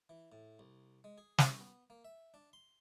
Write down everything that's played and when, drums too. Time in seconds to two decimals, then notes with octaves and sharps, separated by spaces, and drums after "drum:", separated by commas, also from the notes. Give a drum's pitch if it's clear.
0.09 E3
0.32 A2
0.59 C2
1.04 G#3
1.18 G#4
1.38 C2, drum: snare
1.60 B3
1.90 A#3
2.05 E5
2.34 D4
2.53 C6